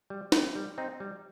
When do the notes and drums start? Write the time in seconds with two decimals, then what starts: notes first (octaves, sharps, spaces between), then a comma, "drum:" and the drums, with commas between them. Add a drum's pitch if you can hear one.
0.10 G3
0.32 C4 D#4, drum: snare
0.55 G3
0.78 C4 D#4
1.00 G3